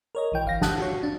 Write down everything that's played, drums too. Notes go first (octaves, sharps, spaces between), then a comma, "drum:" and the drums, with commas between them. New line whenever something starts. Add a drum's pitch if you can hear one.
A#4 C#5 D#5
B1 E3 G5
G1 F5 A#6
F#5 A5 D#6 F#6 G6, drum: snare
F4 F#4 C#5
D4